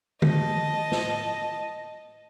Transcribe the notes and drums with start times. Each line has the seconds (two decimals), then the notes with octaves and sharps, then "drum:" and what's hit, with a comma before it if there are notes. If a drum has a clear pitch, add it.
0.22 D#5 A5, drum: tom
0.92 drum: snare